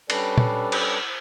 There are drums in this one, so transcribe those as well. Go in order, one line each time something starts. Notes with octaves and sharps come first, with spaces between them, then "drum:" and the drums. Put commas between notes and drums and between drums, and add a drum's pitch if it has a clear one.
G3 C#4 D4 A4 B4 D5, drum: cymbal
drum: tom
drum: cymbal